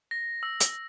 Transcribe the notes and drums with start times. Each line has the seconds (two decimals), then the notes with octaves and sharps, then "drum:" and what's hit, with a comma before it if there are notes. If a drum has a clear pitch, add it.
0.11 A#6
0.43 E6
0.60 drum: hi-hat